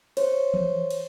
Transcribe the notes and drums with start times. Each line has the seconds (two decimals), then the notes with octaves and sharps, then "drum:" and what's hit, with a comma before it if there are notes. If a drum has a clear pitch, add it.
0.17 C5 C#5, drum: cymbal
0.54 drum: tom E3
0.91 drum: cymbal